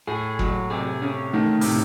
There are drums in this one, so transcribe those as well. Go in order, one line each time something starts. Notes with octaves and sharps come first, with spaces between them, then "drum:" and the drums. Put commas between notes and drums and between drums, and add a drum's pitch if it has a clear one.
A2 G#4
F#3, drum: kick F#1
C3 G#4
C#4
D#3 A3
C#3
A2 C3, drum: open hi-hat